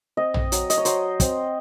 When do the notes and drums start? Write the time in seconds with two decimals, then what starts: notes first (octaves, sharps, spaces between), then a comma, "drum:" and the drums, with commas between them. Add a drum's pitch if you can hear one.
0.17 C4 D#5
0.34 drum: tom A#1
0.52 F#3, drum: hi-hat
0.70 D#5, drum: hi-hat
0.78 C#5
0.85 F#3 C5, drum: hi-hat
1.20 C4, drum: kick, hi-hat